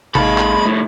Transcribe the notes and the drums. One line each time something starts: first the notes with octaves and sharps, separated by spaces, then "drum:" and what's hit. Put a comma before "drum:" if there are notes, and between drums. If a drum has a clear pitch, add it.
A1 G#3 D#4 A4 F5 B5, drum: tom
drum: clap
C2 A2 A3